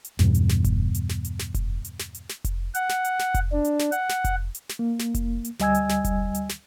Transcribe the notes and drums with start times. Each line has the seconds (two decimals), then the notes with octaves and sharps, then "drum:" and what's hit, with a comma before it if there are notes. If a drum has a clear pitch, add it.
0.05 drum: hi-hat
0.19 E2 G2 B2, drum: snare
0.35 drum: hi-hat
0.50 drum: snare
0.65 drum: kick F1, hi-hat
0.95 drum: hi-hat
1.10 drum: snare
1.25 drum: hi-hat
1.40 drum: snare
1.55 drum: kick F1, hi-hat
1.85 drum: hi-hat
2.00 drum: snare
2.15 drum: hi-hat
2.30 drum: snare
2.45 drum: kick F1, hi-hat
2.75 F#5, drum: hi-hat
2.90 drum: snare
3.05 drum: hi-hat
3.20 drum: snare
3.35 drum: kick F1, hi-hat
3.52 D4
3.65 drum: hi-hat
3.80 drum: snare
3.92 F#5, drum: hi-hat
4.10 drum: snare
4.25 drum: kick F1, hi-hat
4.55 drum: hi-hat
4.70 drum: snare
4.79 A#3
5.00 drum: snare
5.15 drum: kick F1, hi-hat
5.45 drum: hi-hat
5.60 D2 G3 D#5 G#5 E6 G#6, drum: snare
5.75 drum: hi-hat
5.90 drum: snare
6.05 drum: kick F1, hi-hat
6.35 drum: hi-hat
6.50 drum: snare